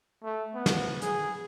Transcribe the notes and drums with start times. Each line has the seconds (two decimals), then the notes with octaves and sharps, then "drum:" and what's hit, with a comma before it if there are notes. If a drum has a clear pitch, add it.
0.23 A3
0.55 B3
0.66 drum: snare
1.02 G#4, drum: hi-hat